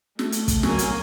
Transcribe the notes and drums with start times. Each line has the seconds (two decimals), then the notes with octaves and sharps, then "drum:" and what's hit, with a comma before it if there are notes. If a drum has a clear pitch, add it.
0.19 A3, drum: snare
0.32 drum: hi-hat
0.48 drum: kick, hi-hat
0.63 F#3 A#3 G#5, drum: snare
0.79 drum: hi-hat